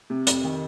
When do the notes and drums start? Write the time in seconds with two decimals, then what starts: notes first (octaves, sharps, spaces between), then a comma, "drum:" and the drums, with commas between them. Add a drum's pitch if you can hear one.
0.10 C3
0.27 F2, drum: hi-hat
0.44 D#3